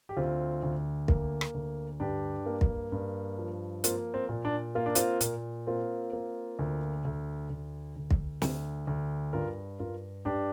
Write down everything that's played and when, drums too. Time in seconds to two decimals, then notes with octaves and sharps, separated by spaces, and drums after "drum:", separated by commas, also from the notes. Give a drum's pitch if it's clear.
0.09 G4
0.17 D2 C4 F4
0.63 D2
1.08 A#3, drum: kick
1.41 drum: rim click
1.54 D2
2.00 G2 D4 G4
2.46 A#3
2.61 drum: kick
2.92 G2
3.38 F3
3.84 A#3 C4 F4, drum: hi-hat
4.14 C4
4.29 A#2
4.45 D4
4.75 A#3 F4
4.86 D4
4.95 C4 F4, drum: hi-hat
5.21 A#2, drum: hi-hat
5.67 A#3 C4 F4
6.13 A#3
6.59 D2
7.05 D2
7.50 D2
7.96 D2
8.11 drum: kick
8.42 D2, drum: snare
8.87 D2
9.33 G2 F4 A#4
9.79 G2 F4 A#4
10.25 G2 D4 G4